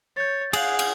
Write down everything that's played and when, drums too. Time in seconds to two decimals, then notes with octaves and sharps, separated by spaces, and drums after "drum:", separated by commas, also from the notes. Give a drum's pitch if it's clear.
0.17 C#5 G6 A6
0.53 G#4 F5 F#5 G6, drum: cymbal
0.79 drum: cymbal